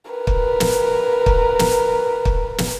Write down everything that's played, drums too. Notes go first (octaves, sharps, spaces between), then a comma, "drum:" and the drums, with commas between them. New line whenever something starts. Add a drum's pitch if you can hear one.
A#4 B4
drum: kick
drum: snare
drum: kick
drum: snare
drum: kick
drum: snare